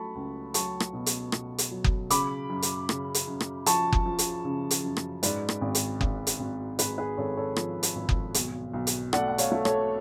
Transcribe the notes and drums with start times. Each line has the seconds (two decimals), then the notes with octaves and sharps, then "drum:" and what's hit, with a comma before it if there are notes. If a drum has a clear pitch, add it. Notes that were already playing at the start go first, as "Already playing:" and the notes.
Already playing: F#3 A3 A5 B5 C#6
0.15 C#2
0.54 F#3 A5 C#6, drum: hi-hat
0.80 drum: rim click
0.93 B2
1.06 drum: hi-hat
1.32 B2, drum: rim click
1.58 drum: hi-hat
1.71 F#3
1.84 drum: kick F#1
2.10 C#3 B5 D6, drum: hi-hat
2.50 F#2
2.62 drum: hi-hat
2.89 C#3, drum: rim click
3.14 drum: hi-hat
3.27 F#2
3.40 drum: rim click
3.66 F3 A5 C#6, drum: hi-hat
3.92 drum: kick F#1
4.06 F3
4.19 drum: hi-hat
4.45 C#3
4.71 drum: hi-hat
4.83 F#2
4.97 drum: rim click
5.23 G#2 B4 D5, drum: hi-hat
5.49 drum: rim click
5.61 G#1
5.75 drum: hi-hat
6.01 G#1, drum: kick F#1
6.27 drum: hi-hat
6.40 G#1
6.79 G#1 G#4 B4, drum: hi-hat
6.98 G#4 B4
7.18 G#1 A4 C#5
7.37 A4 C#5
7.56 F3, drum: rim click
7.83 drum: hi-hat
7.96 G#1
8.09 drum: kick F#1
8.34 B1, drum: hi-hat
8.73 B1
8.87 drum: hi-hat
9.13 A3 D5 F#5, drum: rim click
9.28 F#5
9.38 C#5 F5, drum: hi-hat
9.52 A3
9.65 A4 C#5, drum: rim click